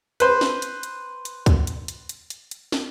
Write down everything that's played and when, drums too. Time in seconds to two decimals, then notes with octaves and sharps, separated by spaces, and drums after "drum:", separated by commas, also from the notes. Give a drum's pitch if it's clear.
0.20 B4 C5, drum: hi-hat
0.41 drum: snare
0.62 drum: hi-hat
0.83 drum: hi-hat
1.25 drum: hi-hat
1.46 drum: kick, hi-hat
1.67 drum: hi-hat
1.88 drum: hi-hat
2.09 drum: hi-hat
2.30 drum: hi-hat
2.51 drum: hi-hat
2.72 drum: snare